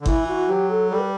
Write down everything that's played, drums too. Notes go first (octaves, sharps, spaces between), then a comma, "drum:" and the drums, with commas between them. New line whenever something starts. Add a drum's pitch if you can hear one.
D3
E3 E4, drum: kick G1
F#4
F#3 G4
A4
G3 A4
B4